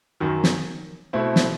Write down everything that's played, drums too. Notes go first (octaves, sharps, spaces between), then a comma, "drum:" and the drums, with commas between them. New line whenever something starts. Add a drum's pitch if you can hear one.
F#2 D#3 F#3
drum: snare
B2 A3 C4 E4
drum: snare